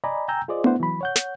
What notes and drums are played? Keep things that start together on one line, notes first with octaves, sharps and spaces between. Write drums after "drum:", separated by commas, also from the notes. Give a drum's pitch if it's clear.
D5 D#5 G#5 A#5 B5
G5 G#5 A#5 E6 G6
F4 G#4 C5 D5 D#5
A3 B3 D4 E4 C5 F#5, drum: tom B3
E3 F#3 B5
C#5 F#5 G6
drum: snare